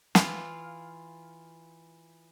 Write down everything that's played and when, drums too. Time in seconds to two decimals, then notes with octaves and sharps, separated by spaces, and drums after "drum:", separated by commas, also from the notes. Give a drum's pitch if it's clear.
0.15 E3 F4 F5, drum: snare